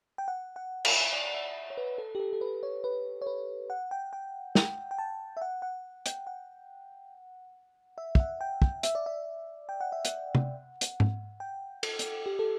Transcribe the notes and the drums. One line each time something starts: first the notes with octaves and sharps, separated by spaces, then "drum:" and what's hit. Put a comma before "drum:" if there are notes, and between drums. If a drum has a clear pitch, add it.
G5
F#5
F#5
E5, drum: cymbal
D5
E5
C#5
B4
A4
G4
A4
A4
B4
C#5
B4
C#5
B4
F#5
G5
G5
G5, drum: snare
G5
A5
E5
F#5
F#5
G5, drum: hi-hat
F#5
E5
E5, drum: kick
F#5
G5
G5, drum: kick
E5, drum: hi-hat
D5
E5
G5
F#5
E5
F#5, drum: hi-hat
drum: tom C3
drum: hi-hat
drum: tom G#2
G5
A4, drum: cymbal
drum: hi-hat
G4
A4